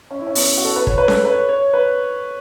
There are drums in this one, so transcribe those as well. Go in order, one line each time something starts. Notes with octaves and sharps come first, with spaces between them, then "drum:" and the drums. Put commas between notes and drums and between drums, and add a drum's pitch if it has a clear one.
C#4
E4
C#4
B3, drum: open hi-hat
F#4
A4
B4
C#5, drum: kick
B4
A4, drum: snare C#4
B4
C#5
C#5
B4